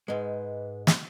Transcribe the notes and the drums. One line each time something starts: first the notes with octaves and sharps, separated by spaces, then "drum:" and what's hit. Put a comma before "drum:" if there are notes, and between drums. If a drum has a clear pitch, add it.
G#2 G#3 B4
drum: snare